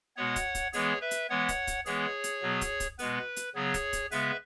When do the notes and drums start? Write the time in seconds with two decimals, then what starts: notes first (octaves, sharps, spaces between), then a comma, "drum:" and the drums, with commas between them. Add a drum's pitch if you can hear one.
0.17 B2 G#3 B3 C#5 F#5
0.36 drum: kick, hi-hat
0.55 drum: kick, hi-hat
0.73 E3 G#3 B3 G#4 C#5, drum: open hi-hat
1.01 B4 E5
1.11 drum: hi-hat
1.29 E3 G#3 B3 C#5 F#5
1.49 drum: kick, hi-hat
1.67 drum: kick, hi-hat
1.86 E3 G#3 B3 G#4 C#5, drum: open hi-hat
2.24 drum: hi-hat
2.42 B2 F#3 B3
2.61 drum: kick, hi-hat
2.80 drum: kick, hi-hat
2.99 B2 G#3 B3 B4, drum: open hi-hat
3.36 drum: hi-hat
3.55 C#3 F#3 B3 G#4 C#5
3.74 drum: kick, hi-hat
3.93 drum: kick, hi-hat
4.11 C#3 G#3 B3 B4 E5, drum: open hi-hat